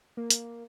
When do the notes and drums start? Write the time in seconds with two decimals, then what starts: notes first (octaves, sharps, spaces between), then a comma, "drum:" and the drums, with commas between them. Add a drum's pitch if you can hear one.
0.17 A#3
0.31 drum: hi-hat